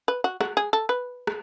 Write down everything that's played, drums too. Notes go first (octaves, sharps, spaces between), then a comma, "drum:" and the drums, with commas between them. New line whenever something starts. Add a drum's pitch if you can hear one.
B4
F#4
F#4, drum: rim click
G#4
A4
B4
drum: rim click